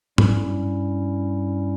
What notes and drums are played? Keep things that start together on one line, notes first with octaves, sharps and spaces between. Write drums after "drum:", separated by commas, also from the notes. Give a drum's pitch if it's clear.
G2 G3 C#4 E4, drum: tom G#2